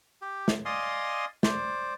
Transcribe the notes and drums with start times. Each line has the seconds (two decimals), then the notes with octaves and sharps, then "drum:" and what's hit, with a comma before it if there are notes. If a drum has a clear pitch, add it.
0.22 G4
0.48 drum: snare
0.65 D5 D#5 F5 G#5 C6 D#6
1.43 C5 D5, drum: snare